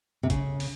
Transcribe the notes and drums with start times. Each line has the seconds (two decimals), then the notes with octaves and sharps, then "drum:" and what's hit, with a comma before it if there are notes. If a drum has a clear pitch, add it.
0.23 C3
0.30 C#3, drum: kick, hi-hat
0.60 drum: open hi-hat